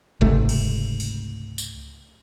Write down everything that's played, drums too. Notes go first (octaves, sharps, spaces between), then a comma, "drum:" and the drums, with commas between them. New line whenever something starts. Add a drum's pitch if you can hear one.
C#2 G#2 C3 A3, drum: kick F#1
drum: cymbal
drum: open hi-hat
drum: tambourine